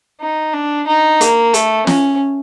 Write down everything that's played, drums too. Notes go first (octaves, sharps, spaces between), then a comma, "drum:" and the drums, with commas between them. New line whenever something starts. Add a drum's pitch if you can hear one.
D#4
D4
D#4
A#3, drum: hi-hat
A3, drum: hi-hat
C#4, drum: snare